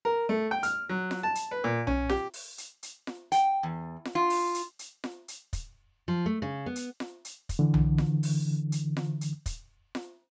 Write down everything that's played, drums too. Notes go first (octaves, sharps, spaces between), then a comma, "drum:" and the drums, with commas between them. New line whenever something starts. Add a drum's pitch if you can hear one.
A#4
A3
G5
F6, drum: hi-hat
F#3
drum: snare F4
A5
drum: hi-hat
B4
A#2
C#4, drum: tom B1
G4, drum: snare F4
drum: open hi-hat
drum: hi-hat
drum: hi-hat
drum: snare F4
G5, drum: hi-hat
E2
drum: snare F4
F4
drum: open hi-hat
drum: hi-hat
drum: hi-hat
drum: snare F4
drum: hi-hat
drum: kick, hi-hat
F3
A3
C#3
B3
drum: hi-hat
drum: snare F4
drum: hi-hat
drum: kick, hi-hat
D3 E3
drum: tom B1
drum: snare F4
drum: open hi-hat
drum: hi-hat
drum: snare F4
drum: hi-hat
drum: kick, hi-hat
drum: snare F4